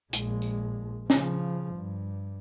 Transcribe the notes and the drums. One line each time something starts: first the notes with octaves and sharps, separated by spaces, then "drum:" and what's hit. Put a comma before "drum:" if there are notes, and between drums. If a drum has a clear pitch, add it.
A#1 G#3, drum: hi-hat
drum: tambourine
C#3 F3, drum: snare
G2